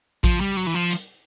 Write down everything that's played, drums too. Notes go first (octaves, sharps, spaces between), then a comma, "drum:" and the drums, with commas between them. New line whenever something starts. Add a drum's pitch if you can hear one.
F3, drum: kick A1, hi-hat
G3
F#3
E3
F3
drum: hi-hat